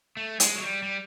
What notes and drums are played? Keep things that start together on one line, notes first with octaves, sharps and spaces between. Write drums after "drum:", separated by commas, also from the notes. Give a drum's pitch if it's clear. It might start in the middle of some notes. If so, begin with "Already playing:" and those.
A3
G#3, drum: hi-hat
F#3
G3
G3